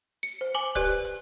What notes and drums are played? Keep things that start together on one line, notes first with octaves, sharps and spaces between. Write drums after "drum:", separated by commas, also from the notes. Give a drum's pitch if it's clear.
C#7
C5
G#5 D6 F#7 G7
G4 B4 D5 F#6, drum: kick, hi-hat
drum: hi-hat
drum: hi-hat